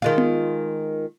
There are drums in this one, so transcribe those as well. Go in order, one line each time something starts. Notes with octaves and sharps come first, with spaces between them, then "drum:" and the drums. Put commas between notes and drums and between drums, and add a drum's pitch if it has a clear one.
D#3 G#3 F4
drum: tom B3